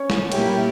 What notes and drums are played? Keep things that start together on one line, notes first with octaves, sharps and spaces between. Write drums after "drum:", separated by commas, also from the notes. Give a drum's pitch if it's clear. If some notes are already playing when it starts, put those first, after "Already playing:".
Already playing: C#4 C#5
drum: snare
A#2 G3 A#3 E4 G4, drum: cymbal